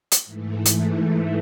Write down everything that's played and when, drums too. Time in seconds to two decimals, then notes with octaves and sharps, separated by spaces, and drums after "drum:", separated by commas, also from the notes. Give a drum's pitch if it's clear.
0.11 drum: hi-hat
0.25 G#2 E3 A3
0.65 drum: hi-hat